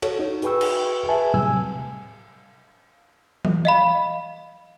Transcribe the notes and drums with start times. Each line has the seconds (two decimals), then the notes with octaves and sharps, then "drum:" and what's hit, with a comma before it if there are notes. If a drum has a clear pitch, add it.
0.02 F#4 A4 C#5, drum: cymbal
0.19 D#4
0.42 F#4 G#4 B4 G5 C#6 E6, drum: hi-hat
0.61 drum: cymbal
1.08 G#4 B4 E5 G#5 A5
1.34 A2 C3 F#3 G3 G#5 E6
3.45 drum: tom E3
3.65 D#5 F5 B5